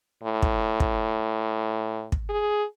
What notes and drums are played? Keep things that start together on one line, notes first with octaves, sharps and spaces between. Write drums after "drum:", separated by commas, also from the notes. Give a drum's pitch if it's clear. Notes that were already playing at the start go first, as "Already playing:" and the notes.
A2
drum: kick
drum: kick
drum: kick
G#4